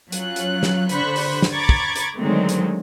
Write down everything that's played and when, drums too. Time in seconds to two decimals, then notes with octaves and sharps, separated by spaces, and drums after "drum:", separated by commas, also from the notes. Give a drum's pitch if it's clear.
0.12 F#3 C#4 F4 F#6, drum: hi-hat
0.36 drum: hi-hat
0.63 drum: snare
0.89 D3 C5 B5 C#6 F#6 B6, drum: hi-hat
1.16 drum: open hi-hat
1.42 drum: snare
1.53 A#5 B5 C#6 D6 G#6 A6
1.69 drum: kick
1.96 drum: hi-hat
2.17 D3 D#3 F#3 G#3 A3 C4
2.49 drum: hi-hat